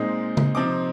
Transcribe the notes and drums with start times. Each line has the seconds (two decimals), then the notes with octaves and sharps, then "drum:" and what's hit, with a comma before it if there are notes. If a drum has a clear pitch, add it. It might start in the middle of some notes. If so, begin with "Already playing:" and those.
Already playing: A#2 G#3 C4 D#4
0.37 drum: tom
0.55 C3 F3 C4 D#4 D6